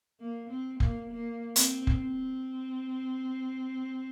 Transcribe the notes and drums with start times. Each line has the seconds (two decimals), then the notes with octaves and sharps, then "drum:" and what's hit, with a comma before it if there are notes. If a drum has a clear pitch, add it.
0.20 A#3
0.50 C4
0.80 A#3, drum: kick F1
1.11 A#3
1.56 C4, drum: hi-hat
1.87 drum: kick F1
2.01 C4